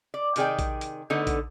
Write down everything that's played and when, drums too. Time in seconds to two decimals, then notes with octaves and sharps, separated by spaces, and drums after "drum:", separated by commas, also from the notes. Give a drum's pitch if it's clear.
0.14 D5
0.36 C3 D#3 G#4 D5 G5, drum: hi-hat
0.59 drum: kick A#1, hi-hat
0.81 drum: hi-hat
1.10 D3 A3 B3 D#4 A4
1.27 drum: kick A#1, hi-hat